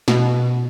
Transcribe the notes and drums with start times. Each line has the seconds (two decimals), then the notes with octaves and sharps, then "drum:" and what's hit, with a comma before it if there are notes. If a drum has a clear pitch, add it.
0.08 B2, drum: snare